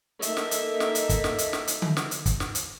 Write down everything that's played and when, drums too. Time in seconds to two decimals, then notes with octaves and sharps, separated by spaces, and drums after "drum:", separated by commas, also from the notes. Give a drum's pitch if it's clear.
0.22 A#3 D#4 A4 E5, drum: hi-hat
0.37 drum: snare
0.51 drum: hi-hat
0.80 drum: snare
0.95 drum: hi-hat
1.09 drum: kick, hi-hat
1.24 drum: snare
1.38 drum: hi-hat
1.53 drum: snare
1.68 drum: hi-hat
1.82 drum: tom D3
1.97 drum: snare
2.11 drum: hi-hat
2.26 drum: kick, hi-hat
2.40 drum: snare
2.55 drum: hi-hat